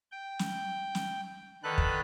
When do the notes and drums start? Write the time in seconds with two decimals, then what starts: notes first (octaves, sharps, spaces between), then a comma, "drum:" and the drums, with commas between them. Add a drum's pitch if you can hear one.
0.12 G5
0.39 drum: snare
0.95 drum: snare
1.63 D3 D#3 A4 B4 F#6
1.78 drum: kick